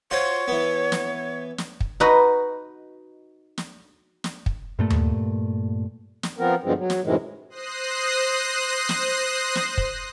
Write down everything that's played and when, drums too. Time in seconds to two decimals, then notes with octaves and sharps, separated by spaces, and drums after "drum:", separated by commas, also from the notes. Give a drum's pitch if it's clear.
0.11 F4 F#4 C5 C#5
0.48 E3 B3
0.92 drum: snare
1.58 drum: snare
1.80 drum: kick
2.00 D#4 F#4 B4 D#5
3.58 drum: snare
4.24 drum: snare
4.46 drum: kick
4.79 G2 A#2 A3
4.90 drum: tom D#2
6.23 drum: snare
6.38 F3 B3 C4 A#4
6.63 G2 B2 D3 F3 G#3 C4
6.78 F#3
6.90 drum: snare
7.04 F#2 A2 C3 D#3 E3 G#3
7.49 C5 D#6 F#6 A#6 C7
8.89 drum: snare
9.55 drum: snare
9.78 drum: kick